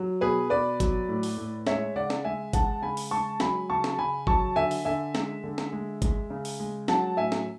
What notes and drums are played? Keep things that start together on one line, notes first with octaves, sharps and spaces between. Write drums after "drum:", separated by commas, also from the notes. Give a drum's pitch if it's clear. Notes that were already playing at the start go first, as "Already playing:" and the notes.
Already playing: F#3
B2 G#4 B4
B2 B4 D5
F#3, drum: kick G1, hi-hat
A2
drum: open hi-hat
A2
G#3 C#5 E5, drum: snare
C#3 D5 F#5
drum: snare
G#3 E5 G#5
G#3 F#5 A5, drum: kick G1, hi-hat
C#3 G#5 B5
drum: open hi-hat
G#3 A5 C#6
F#3 G#5 B5, drum: snare
C#3 A5 C#6
drum: snare
C#3 G#5 B5
F#3 A5 C#6, drum: kick G1
D3 E5 G#5
drum: open hi-hat
D3 E5 G#5
G#3, drum: snare
D3
drum: snare
G#3
G#3, drum: kick G1, hi-hat
C#3
drum: open hi-hat
G#3
F#3 F#5 A5, drum: snare
A2 E5 G#5
drum: snare